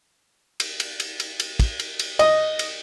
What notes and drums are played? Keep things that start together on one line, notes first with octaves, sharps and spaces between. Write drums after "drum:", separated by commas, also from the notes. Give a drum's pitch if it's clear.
drum: cymbal
drum: cymbal
drum: cymbal
drum: cymbal
drum: cymbal
drum: kick, cymbal
drum: cymbal
drum: cymbal
D#5, drum: cymbal
drum: cymbal